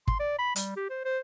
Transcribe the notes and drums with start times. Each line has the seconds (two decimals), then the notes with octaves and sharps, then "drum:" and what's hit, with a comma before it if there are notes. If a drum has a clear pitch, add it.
0.08 C6, drum: kick
0.20 D5
0.38 B5
0.56 G3, drum: hi-hat
0.76 G4
0.90 C5
1.05 C5